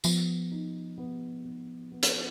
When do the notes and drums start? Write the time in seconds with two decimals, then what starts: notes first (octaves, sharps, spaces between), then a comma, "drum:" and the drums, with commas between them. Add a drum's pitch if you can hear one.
0.04 F3 B3, drum: tambourine
0.51 D#4
0.98 B3
1.45 B3
1.92 B3
2.03 drum: hi-hat